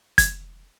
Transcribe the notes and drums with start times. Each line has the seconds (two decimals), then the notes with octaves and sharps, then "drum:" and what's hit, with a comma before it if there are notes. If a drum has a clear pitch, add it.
0.18 G#6, drum: kick, hi-hat